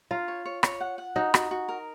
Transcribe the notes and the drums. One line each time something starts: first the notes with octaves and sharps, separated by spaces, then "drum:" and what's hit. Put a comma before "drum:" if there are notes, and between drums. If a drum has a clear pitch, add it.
F4 A#5
C#5
C#5
C#5, drum: rim click
F#5
F#5
D#4 F#4
F#4, drum: rim click
F#4
A#4